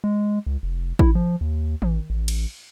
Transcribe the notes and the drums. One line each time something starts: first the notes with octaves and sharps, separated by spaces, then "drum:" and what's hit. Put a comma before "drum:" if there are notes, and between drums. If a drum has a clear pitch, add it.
G#3
C#2
F1
E4, drum: kick
F3
D#2
A1, drum: tom D#3
A1
drum: cymbal